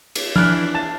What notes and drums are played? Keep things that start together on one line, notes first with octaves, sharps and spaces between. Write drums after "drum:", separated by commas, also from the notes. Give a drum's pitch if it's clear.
drum: cymbal
E3 D4 F6 F#6, drum: tom F3
A5 A6 E7